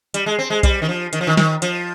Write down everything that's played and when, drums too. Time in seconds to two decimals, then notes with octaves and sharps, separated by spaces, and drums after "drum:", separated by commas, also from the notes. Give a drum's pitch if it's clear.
0.14 G3, drum: hi-hat
0.26 G#3
0.39 C4
0.50 G#3
0.63 G3, drum: kick B1, hi-hat
0.82 D#3
0.89 F3
1.13 D#3, drum: hi-hat
1.21 F3
1.27 D#3
1.37 D#3, drum: snare
1.62 F3, drum: hi-hat